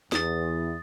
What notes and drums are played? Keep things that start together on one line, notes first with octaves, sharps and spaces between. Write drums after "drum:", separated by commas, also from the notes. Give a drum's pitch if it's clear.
E2 D#6 A6, drum: snare